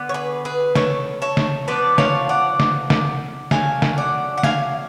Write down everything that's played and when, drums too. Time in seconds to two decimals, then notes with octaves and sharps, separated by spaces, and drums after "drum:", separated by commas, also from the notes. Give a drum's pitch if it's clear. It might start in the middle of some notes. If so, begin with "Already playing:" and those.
Already playing: D3 B3
0.09 C#5
0.14 G#4 B4
0.45 G#4 B4
0.75 A4 C#5, drum: snare
1.22 A4 C#5
1.37 drum: snare
1.68 F3 B3 D4 B4 D5
1.98 C#5 F5, drum: snare
2.29 D5 F#5
2.60 drum: snare
2.90 drum: snare
3.51 D3 F#3 A3 F5 G#5, drum: snare
3.82 drum: snare
3.98 D5 F#5
4.37 F#5
4.43 F5 G#5, drum: snare